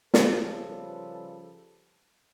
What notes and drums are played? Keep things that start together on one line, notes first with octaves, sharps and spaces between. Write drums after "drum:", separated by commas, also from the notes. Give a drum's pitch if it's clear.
C#3 F3 G3 G#4 A4 B4, drum: snare